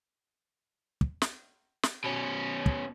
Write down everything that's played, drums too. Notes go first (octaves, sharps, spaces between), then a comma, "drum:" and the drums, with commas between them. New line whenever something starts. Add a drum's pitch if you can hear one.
drum: kick
drum: snare
drum: snare
B2 C#4
drum: kick